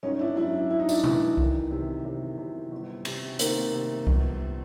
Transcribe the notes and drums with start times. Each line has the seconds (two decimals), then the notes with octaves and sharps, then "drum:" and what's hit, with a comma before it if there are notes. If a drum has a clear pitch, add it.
0.03 G#1 C#4 D#4
0.19 D4 E4
0.36 F#2 D4 E4
0.70 F#2 E4
0.80 D#4
0.89 D4 E4, drum: tambourine
1.04 E3, drum: tom C3
1.37 D#3, drum: kick C2
1.71 C3
2.05 C3
2.38 C3
2.72 G1
3.05 C3, drum: cymbal
3.39 D#3 A#3 C4, drum: hi-hat
3.73 C3
4.07 G1, drum: kick C2